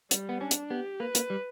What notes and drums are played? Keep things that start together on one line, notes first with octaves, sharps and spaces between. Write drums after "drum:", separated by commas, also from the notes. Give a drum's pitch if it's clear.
G3, drum: hi-hat
B3
C#4 D4
drum: hi-hat
B3 G4
A#3 B4
A#3, drum: hi-hat
G3